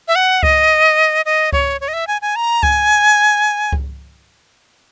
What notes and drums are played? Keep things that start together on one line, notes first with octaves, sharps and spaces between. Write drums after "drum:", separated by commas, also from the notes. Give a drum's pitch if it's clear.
E5
F#5
D#5, drum: kick C#2
D#5
C#5, drum: kick C#2
C#5
D#5
E5
G#5
G#5
A#5
G#5, drum: kick C#2
drum: kick C#2